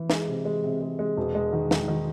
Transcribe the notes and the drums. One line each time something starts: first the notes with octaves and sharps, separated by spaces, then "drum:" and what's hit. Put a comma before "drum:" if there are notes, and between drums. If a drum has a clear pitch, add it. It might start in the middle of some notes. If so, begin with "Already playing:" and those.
Already playing: E3
G#3, drum: snare
C3
G#3
C3
G#3
G#3
E1
G#3
D#3
D#3, drum: snare
D#3